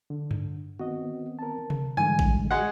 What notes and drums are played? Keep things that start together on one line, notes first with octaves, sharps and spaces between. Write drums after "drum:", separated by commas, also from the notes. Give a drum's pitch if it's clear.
D3
drum: tom G2
D#3 B3 C4 F#4 D#5
A#4 A5
drum: tom C3
G#2 D3 E3 G3 G#3 G#5
drum: kick A1
G#3 F#4 F#5